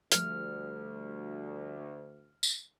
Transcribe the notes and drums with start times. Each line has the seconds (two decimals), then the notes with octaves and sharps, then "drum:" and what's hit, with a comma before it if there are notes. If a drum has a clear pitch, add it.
0.12 D2 F3 G3 A3 F6, drum: hi-hat
2.43 drum: tambourine